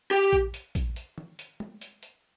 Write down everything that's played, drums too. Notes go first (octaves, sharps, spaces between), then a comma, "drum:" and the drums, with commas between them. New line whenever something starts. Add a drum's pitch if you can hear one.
G4
drum: kick A#1
drum: hi-hat
drum: kick A#1, hi-hat
drum: hi-hat
drum: tom
drum: hi-hat
drum: tom
drum: hi-hat
drum: hi-hat